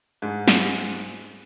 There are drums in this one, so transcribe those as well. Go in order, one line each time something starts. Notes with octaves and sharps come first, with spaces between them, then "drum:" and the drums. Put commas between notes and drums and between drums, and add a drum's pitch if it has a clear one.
G#2
drum: snare